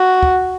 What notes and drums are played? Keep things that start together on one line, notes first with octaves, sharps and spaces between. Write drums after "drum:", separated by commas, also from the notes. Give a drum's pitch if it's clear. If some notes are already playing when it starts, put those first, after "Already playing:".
Already playing: F#4
drum: kick